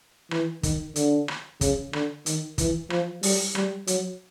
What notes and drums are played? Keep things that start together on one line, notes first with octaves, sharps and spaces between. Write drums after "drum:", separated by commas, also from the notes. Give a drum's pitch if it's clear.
E3, drum: rim click
D#3, drum: kick, hi-hat
D3, drum: hi-hat
drum: rim click
C#3, drum: kick, hi-hat
D3, drum: rim click
D#3, drum: hi-hat
E3, drum: kick, hi-hat
F3, drum: rim click
G3, drum: open hi-hat
G3, drum: rim click
F#3, drum: hi-hat